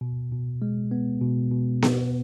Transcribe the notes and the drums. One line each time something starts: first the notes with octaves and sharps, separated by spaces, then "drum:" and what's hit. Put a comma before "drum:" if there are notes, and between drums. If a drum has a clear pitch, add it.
B2
B2
G#3
B3
B2
B2
B3, drum: snare B3